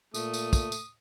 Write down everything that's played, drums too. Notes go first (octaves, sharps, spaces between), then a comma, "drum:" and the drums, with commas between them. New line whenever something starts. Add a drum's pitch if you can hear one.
A#2 A3 D#6, drum: tambourine
drum: tambourine
drum: kick, tambourine
drum: tambourine